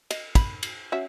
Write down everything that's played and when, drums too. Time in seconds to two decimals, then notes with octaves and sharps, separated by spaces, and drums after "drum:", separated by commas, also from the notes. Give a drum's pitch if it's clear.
0.11 D#5, drum: cymbal
0.35 B5, drum: kick, cymbal
0.63 drum: cymbal
0.92 C#4 F#4 E5